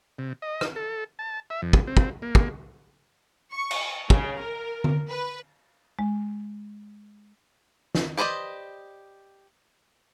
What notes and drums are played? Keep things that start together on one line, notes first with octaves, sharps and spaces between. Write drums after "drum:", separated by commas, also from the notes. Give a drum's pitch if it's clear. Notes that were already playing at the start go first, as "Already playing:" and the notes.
C3
D#5
drum: rim click
A4
A5
E5
F2
drum: kick
C4
drum: kick
A#3
drum: kick
C#6
drum: cymbal
C#3, drum: kick
A#4
drum: tom D3
B4
G#3
drum: snare
G4 B4 C5 D5 D#5